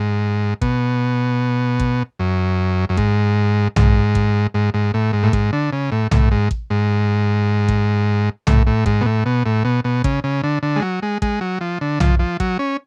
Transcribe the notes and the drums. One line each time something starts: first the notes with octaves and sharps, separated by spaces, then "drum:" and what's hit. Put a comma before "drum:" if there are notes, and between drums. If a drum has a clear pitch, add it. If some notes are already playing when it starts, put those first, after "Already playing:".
Already playing: G#2
B2, drum: kick A1
drum: kick A1
F#2
F#2
G#2, drum: kick A1
G#2, drum: tom B1
drum: kick A1
G#2
G#2
A2
G#2
A2
G#2, drum: kick A1
D3
C#3
A2
A2, drum: tom B1
G#2
drum: kick A1
G#2
drum: kick A1
A2, drum: tom B1
A2
G#2, drum: kick A1
B2
A2
B2
A2
B2
B2
C#3, drum: kick A1
C#3
D3
D3
G#3
F#3
G#3
G#3, drum: kick A1
F#3
F3
D3
F3, drum: tom B1
F3
F#3, drum: kick A1
C#4